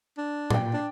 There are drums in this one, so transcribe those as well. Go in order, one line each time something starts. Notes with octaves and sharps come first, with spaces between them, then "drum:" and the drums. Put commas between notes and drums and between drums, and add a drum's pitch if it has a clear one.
D4
A#2 D5 G5, drum: tom A2
D4